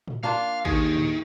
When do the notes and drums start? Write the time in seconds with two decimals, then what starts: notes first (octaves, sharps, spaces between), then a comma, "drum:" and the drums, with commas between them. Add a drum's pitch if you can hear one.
0.08 drum: tom
0.23 A#3 D4 F4 F5
0.65 D#2 D#3 G#4, drum: kick
0.96 drum: tom